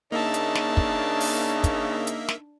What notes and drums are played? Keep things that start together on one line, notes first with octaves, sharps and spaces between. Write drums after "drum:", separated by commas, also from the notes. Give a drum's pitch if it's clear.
C#3 A#3 D4 D#4 E5 A5
drum: hi-hat
drum: snare
drum: kick
drum: open hi-hat
drum: kick, hi-hat
drum: hi-hat
drum: snare